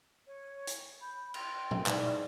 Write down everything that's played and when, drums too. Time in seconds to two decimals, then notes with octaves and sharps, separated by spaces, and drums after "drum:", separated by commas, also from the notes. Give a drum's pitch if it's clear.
0.27 C#5
0.67 drum: hi-hat
1.01 B5 G6
1.34 G5 C6, drum: cymbal
1.71 drum: tom A#2
1.86 G#2 E3 G3, drum: clap